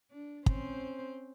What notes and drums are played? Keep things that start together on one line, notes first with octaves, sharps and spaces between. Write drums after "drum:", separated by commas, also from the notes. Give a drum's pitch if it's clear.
D4
C4 C#4 C5, drum: kick